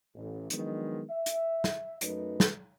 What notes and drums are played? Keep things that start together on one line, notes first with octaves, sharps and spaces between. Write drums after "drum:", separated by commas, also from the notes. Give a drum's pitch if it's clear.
A1
D#3 F3 F#3 G#3 B3 D4, drum: hi-hat
E5
drum: hi-hat
drum: snare
F#2 F#3 A3 D#4 B4, drum: hi-hat
drum: snare